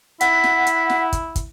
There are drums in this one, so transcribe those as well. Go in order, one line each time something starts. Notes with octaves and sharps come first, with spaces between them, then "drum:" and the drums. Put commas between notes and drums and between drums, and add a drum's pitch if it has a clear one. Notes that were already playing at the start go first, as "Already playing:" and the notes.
E4 F#5 B6, drum: hi-hat
drum: snare
drum: hi-hat
drum: snare
drum: kick, hi-hat
drum: kick, hi-hat